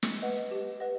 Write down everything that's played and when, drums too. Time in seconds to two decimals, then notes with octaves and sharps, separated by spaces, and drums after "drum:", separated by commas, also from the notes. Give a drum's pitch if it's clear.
0.03 drum: snare
0.22 B4 D#5 F#5
0.51 G4
0.80 B4 D#5 F#5